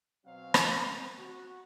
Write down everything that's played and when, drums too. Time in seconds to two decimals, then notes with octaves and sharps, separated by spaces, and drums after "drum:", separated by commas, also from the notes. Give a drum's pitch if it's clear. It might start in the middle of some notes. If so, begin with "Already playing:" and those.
0.26 B2 F#3 C4 F5
0.54 drum: rim click
0.82 C4
1.18 F#4